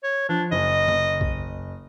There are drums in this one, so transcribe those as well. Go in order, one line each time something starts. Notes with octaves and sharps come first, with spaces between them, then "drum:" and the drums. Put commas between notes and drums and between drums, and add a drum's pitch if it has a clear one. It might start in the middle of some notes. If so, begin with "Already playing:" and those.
C#5
F3 D4
F#1 D#5
drum: tom C#3
drum: kick A#1